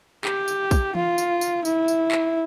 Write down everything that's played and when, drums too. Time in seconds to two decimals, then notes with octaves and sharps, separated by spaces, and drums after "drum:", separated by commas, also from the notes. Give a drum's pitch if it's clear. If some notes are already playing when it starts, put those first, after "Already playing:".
0.25 G4, drum: clap
0.48 drum: tambourine
0.71 drum: kick, tambourine
0.95 F4, drum: tom E3
1.18 drum: tambourine
1.41 drum: tambourine
1.65 E4, drum: tambourine
1.88 drum: tambourine
2.12 drum: clap